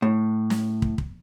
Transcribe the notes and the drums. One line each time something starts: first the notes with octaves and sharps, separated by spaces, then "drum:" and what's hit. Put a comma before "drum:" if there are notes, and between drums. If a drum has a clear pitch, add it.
A2
drum: snare
drum: kick
drum: kick